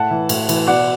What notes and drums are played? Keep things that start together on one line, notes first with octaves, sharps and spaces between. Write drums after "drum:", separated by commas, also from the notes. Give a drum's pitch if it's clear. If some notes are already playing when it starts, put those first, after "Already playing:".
Already playing: A2 F#5 A5
E3
A2, drum: cymbal
E3, drum: cymbal
B2 D5 F#5